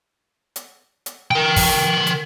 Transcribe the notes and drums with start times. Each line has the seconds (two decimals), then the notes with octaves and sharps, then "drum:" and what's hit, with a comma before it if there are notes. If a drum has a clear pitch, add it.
0.56 drum: hi-hat
1.06 drum: hi-hat
1.31 A#4 G5
1.56 drum: kick, open hi-hat
2.07 drum: hi-hat